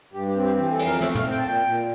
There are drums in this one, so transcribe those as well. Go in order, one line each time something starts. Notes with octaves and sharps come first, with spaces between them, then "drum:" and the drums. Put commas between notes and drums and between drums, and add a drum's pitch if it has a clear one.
G2 G4
G4
C4
G4
E3 G4
A4
F2, drum: cymbal
A#4
A3 E5, drum: snare
F5, drum: tom
C4
G5
A5
A#2 G5
A#2